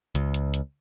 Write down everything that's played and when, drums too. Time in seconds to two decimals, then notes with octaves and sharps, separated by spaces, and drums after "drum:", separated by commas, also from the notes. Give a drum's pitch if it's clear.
0.15 C#2, drum: hi-hat
0.34 drum: hi-hat
0.54 drum: hi-hat